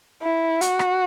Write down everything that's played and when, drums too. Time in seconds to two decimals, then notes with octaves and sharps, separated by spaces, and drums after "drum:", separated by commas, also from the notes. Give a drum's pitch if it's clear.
0.22 E4
0.61 F#4, drum: hi-hat
0.79 drum: rim click